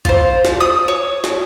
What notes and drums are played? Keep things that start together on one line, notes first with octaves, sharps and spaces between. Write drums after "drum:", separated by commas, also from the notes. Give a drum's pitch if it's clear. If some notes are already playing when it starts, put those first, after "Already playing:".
F4 C5, drum: kick, hi-hat
drum: snare
D#6
C#5
drum: snare